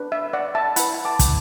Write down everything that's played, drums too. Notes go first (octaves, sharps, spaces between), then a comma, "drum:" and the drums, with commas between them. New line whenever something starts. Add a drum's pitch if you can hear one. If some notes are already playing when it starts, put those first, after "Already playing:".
Already playing: D4 B4
E5
D5 F#5
E5 A5
E4 B4 F#5 B5, drum: hi-hat
A5 D6
drum: kick, hi-hat